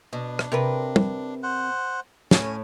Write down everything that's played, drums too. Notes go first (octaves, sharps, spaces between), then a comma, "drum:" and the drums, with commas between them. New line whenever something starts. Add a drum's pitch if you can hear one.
B2 D4
drum: rim click
C3 A#4 B4
drum: tom
C5 F#5
A2 C#4, drum: snare